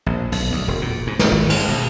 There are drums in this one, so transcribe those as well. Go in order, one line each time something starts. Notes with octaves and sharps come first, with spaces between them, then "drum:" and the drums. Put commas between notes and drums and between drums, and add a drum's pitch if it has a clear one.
A#1
B1, drum: open hi-hat
D2
E1
A#2
G#2
C#3, drum: snare
G#1
G#3, drum: cymbal
B2